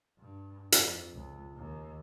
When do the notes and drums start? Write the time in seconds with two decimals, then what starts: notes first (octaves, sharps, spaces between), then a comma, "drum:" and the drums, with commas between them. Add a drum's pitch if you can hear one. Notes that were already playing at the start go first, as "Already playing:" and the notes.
0.19 G2
0.72 F2, drum: hi-hat
1.14 C#2
1.57 D#2